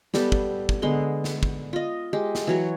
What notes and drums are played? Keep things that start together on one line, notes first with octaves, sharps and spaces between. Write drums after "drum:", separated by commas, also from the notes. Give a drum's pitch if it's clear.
G3 B3 G4 A4, drum: snare
drum: kick
drum: kick
D3 G#3 B3 C6
drum: snare
drum: kick
F4 D#5
G#3 G4
drum: snare
E3 F#3 C#5